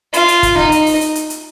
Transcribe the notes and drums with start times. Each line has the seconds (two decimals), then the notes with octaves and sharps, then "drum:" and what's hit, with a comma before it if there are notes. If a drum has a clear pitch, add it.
0.14 F4, drum: hi-hat
0.28 drum: hi-hat
0.43 drum: kick, hi-hat
0.57 D#4, drum: snare
0.72 drum: hi-hat
0.86 drum: open hi-hat
1.01 drum: hi-hat
1.15 drum: hi-hat
1.30 drum: hi-hat